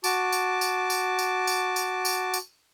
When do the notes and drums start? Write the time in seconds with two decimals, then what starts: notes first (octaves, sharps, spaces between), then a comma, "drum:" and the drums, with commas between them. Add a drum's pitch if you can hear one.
0.04 F#4 A5 D6, drum: tambourine
0.32 drum: tambourine
0.61 drum: tambourine
0.90 drum: tambourine
1.19 drum: tambourine
1.47 drum: tambourine
1.76 drum: tambourine
2.05 drum: tambourine
2.34 drum: tambourine